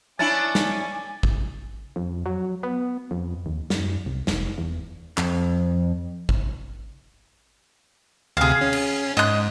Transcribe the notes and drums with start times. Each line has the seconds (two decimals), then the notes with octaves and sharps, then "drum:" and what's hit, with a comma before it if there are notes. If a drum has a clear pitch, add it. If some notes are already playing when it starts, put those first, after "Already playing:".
0.19 C#4 D4 E4 G#5 D6 A6
0.55 drum: snare
1.23 drum: kick
1.96 F2
2.26 F#3
2.63 B3
3.11 F2
3.46 D#2
3.70 F#2, drum: snare
4.06 C2
4.27 F1, drum: snare
4.58 E2
5.18 F2, drum: clap
6.29 drum: kick
8.37 D2 C3 G#4 F5
8.61 C#4
8.73 drum: cymbal
9.17 G#2 D#5 F#6